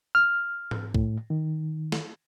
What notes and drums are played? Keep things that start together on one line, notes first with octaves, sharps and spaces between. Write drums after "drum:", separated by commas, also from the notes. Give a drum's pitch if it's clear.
F6
drum: tom G#2
A2, drum: kick C2
D#3
drum: snare